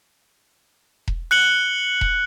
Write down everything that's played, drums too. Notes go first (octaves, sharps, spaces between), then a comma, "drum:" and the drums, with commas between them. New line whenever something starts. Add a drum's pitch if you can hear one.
drum: kick E1
F#6 C#7 F#7 G7
drum: kick E1